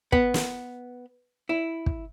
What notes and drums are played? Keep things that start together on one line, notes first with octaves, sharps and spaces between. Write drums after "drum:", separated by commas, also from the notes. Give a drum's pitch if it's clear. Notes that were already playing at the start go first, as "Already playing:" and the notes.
B3, drum: kick
drum: snare
E4
drum: kick